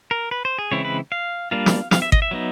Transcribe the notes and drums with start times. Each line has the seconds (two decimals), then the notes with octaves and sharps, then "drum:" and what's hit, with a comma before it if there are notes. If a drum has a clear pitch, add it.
0.11 A#4
0.31 B4
0.45 C5
0.58 G#4
0.71 C#3 E3 G#3 C4 E4 C#5
0.85 B4
1.12 F5
1.51 G3 A#3 D4 F4 F5
1.66 drum: snare
1.91 F5, drum: snare
2.02 E5
2.12 D#5, drum: kick
2.22 E5
2.31 F#3 B3 D#4